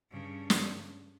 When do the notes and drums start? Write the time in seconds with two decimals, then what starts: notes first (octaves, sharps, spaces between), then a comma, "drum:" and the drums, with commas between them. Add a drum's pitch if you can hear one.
0.11 G2 C#3
0.50 drum: snare